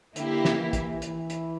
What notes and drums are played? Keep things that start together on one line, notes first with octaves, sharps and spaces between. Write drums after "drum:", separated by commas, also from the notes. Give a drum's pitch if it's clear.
D3 A#3 E4 G4, drum: hi-hat
drum: snare
E3
drum: kick, hi-hat
E3, drum: hi-hat
drum: hi-hat